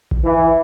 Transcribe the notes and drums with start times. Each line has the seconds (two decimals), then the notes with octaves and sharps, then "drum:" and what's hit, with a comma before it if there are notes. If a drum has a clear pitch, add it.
0.11 drum: kick A1
0.24 E3